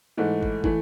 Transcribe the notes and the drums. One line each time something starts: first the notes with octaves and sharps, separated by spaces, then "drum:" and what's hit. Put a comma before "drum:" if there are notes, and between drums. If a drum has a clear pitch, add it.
G#2 E3 A3
drum: kick
E3 A3, drum: kick